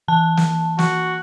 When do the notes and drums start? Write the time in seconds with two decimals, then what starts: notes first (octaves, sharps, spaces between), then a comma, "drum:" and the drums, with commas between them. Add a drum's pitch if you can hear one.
0.08 E3 A5
0.37 drum: snare
0.79 F#4, drum: snare